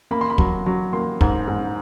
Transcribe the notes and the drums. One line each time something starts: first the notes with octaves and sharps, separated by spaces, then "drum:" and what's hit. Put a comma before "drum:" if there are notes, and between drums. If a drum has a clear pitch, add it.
A#3 B5
C6
B5
F#3, drum: kick
F#3
A#3 C6
G#2, drum: kick
G#2